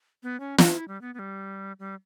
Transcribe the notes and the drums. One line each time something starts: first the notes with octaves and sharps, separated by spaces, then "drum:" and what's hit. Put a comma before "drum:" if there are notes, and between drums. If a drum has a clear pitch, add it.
B3
C#4
D4, drum: snare
E4
G3
B3
B3
G3
G3